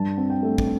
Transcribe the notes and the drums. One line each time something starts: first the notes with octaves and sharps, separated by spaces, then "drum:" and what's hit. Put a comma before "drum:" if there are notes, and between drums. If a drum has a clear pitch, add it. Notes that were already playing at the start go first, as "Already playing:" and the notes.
Already playing: G2 A5
C4
G5
A3
drum: kick